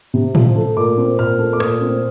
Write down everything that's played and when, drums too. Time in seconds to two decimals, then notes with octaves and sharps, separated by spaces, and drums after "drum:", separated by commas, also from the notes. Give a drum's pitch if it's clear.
0.14 C3
0.35 F3, drum: tom A2
0.56 A3
0.77 A#2 D6
0.97 C4
1.19 A#2 F6
1.39 A3
1.53 D6
1.60 A#2 D#6, drum: rim click
1.81 C4